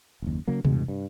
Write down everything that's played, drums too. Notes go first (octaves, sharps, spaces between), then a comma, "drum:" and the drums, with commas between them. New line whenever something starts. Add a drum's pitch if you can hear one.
F#1 D#2
C#3 F#3 A#3
E2 G2 B2 G#3, drum: tom C3
G2